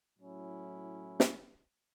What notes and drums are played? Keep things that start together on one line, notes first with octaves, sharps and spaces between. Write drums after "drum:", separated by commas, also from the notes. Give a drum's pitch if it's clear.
A2 F#3 C#4 E4
drum: snare